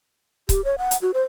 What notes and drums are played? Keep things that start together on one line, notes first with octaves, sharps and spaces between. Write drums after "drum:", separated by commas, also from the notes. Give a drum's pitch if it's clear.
G4, drum: kick C#1, hi-hat
C#5
F#5
drum: hi-hat
F#4
C5